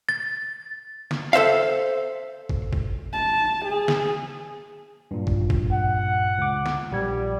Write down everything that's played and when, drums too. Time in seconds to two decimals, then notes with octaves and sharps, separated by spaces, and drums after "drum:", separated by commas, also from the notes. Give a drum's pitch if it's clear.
0.09 A6
1.11 drum: snare
1.33 A4 C5 E5 F5
2.49 drum: kick G#1
2.73 drum: kick G#1
3.13 A5
3.65 G#4
3.88 drum: snare
5.11 G2 A#2
5.27 drum: kick G#1
5.50 drum: kick G#1
5.73 F#5
6.38 C#2 D6
6.66 drum: snare
6.92 A#1 G3 G#6